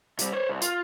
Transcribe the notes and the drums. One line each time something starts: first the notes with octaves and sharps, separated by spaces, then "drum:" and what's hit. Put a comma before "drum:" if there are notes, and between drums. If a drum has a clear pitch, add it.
C3 G3, drum: hi-hat
C5 C#5
C2
F4, drum: hi-hat